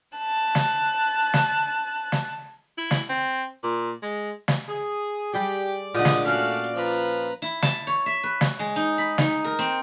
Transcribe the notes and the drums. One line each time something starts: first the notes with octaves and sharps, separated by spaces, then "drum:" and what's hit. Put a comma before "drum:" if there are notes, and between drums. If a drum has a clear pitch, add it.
A5 F#6
drum: snare
drum: snare
drum: snare
E4
drum: snare
C4
A#2
G#3
drum: snare
G#4
G3 G4 G#4 D5
A#2 D3 G#3 D#6
drum: snare
A3 C#4 F#4 F5
F3 B4 A#5
E4
A5, drum: snare
C#5
E5
B4
drum: snare
G#3
D#4
B5
D#4, drum: snare
A#4
C4